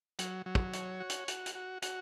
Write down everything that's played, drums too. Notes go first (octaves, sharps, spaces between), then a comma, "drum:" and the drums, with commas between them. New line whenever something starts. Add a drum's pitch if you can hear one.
F#3, drum: hi-hat
F#3
drum: kick
C#5, drum: hi-hat
F#4
drum: hi-hat
F#4, drum: hi-hat
drum: hi-hat
F#4
F#4, drum: hi-hat